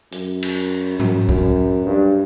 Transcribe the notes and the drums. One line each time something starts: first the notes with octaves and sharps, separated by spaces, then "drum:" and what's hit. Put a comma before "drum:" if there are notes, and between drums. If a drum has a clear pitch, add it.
F#2, drum: hi-hat
drum: cymbal
F#2, drum: tom G#2
F#2, drum: kick
G2